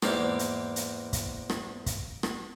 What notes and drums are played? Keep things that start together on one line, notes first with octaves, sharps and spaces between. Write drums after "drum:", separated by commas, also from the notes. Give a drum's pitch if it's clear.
E2 G#2 A#3 G4 D6, drum: rim click
drum: hi-hat
drum: hi-hat
drum: kick, hi-hat
drum: rim click
drum: kick, hi-hat
drum: rim click